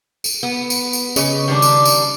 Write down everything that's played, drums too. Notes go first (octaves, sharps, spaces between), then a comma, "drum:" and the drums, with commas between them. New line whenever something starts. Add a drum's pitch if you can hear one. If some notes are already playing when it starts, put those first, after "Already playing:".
drum: tambourine
B3
drum: tambourine
drum: tambourine
C#3 B4 C#5 D#5, drum: tambourine
D#3 G3 D4
drum: tambourine
drum: tambourine